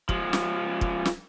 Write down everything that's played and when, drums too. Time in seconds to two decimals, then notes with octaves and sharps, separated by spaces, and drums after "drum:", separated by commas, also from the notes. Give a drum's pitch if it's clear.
0.09 F3 G#3, drum: kick
0.33 drum: snare
0.81 drum: kick
1.05 drum: snare